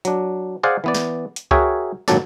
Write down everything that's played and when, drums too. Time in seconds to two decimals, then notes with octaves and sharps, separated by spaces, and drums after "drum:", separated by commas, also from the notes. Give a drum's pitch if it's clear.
0.05 F#3 D4, drum: hi-hat
0.63 G#4 C5 D5 F5 F#5 G#5
0.84 E3 B3 D5
0.94 drum: snare
1.36 drum: hi-hat
1.51 F#4 G#4 A#4 C#5 E5 G5, drum: kick C#2
2.08 G#1 A#2 F#3 D4 A4 D5, drum: snare